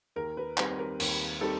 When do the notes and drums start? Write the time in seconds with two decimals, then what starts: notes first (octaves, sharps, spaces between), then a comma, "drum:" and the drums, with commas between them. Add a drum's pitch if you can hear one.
0.16 D#2 A#4
0.37 B4
0.58 D#3 G3 C4 B4, drum: clap
0.79 A#4
1.00 D#2, drum: cymbal
1.41 D#3 G3 C4 A4